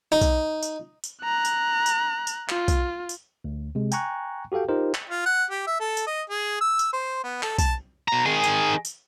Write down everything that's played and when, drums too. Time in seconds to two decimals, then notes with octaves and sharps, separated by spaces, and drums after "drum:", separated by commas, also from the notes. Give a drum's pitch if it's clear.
0.12 D#4
0.21 drum: kick B1, tambourine
0.63 drum: tambourine
1.04 drum: tambourine
1.24 A#5 F#6
1.45 drum: tambourine
1.86 drum: tambourine
2.27 drum: tambourine
2.49 F4, drum: clap
2.68 drum: kick B1, tambourine
3.09 drum: tambourine
3.44 D2
3.75 C3 G#3
3.92 G5 G#5 A#5 C#6 F#6, drum: tambourine
4.52 F#4 G4 A4 F5 G5
4.69 D#4 F4 G4 A#4 C5
4.94 drum: clap
5.09 F4
5.26 F#5
5.50 G4
5.67 E5
5.80 A4
5.97 drum: tambourine
6.07 D#5
6.30 G#4
6.61 E6
6.79 drum: tambourine
6.93 C5
7.24 B3
7.43 A4, drum: clap
7.58 A5, drum: kick B1, tambourine
8.08 B2 A#5
8.26 D#3 G#4
8.44 drum: tambourine
8.85 drum: tambourine